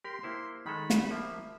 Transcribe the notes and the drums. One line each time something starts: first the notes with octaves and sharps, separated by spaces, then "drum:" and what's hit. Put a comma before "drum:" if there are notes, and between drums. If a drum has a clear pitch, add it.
G4 A#4 C6
A#3 E4 C5
D#3 G#3 A4 B5
drum: snare
F3 A#3 E5